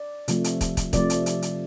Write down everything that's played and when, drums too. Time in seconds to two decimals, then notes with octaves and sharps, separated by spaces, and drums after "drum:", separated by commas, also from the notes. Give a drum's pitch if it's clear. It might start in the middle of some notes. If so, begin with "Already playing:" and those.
Already playing: D5
0.28 C3 F3 A3, drum: hi-hat
0.44 drum: hi-hat
0.61 drum: kick, hi-hat
0.77 drum: kick, hi-hat
0.93 C3 F3 A3 D5, drum: kick, hi-hat
1.10 drum: hi-hat
1.26 drum: hi-hat
1.42 drum: hi-hat